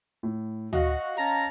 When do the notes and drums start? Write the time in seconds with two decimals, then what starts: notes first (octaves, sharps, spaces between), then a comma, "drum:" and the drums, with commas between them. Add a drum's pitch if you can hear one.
0.23 A2
0.73 F#4 D#5 F5, drum: tom D2
1.17 C#4 A5 A#5, drum: hi-hat